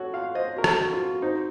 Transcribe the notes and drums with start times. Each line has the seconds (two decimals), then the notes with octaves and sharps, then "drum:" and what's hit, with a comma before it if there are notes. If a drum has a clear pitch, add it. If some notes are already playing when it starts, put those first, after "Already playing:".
Already playing: F#4 A4 C#5
0.13 F4 F5
0.35 C5 D#5
0.57 F#4 A#4
0.64 A4, drum: rim click
0.79 F#4
0.93 F4
1.00 F#4
1.22 D#4 C5